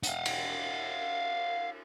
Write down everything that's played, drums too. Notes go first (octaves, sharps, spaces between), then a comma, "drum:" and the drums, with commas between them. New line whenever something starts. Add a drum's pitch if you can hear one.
F5 F#5, drum: hi-hat
drum: cymbal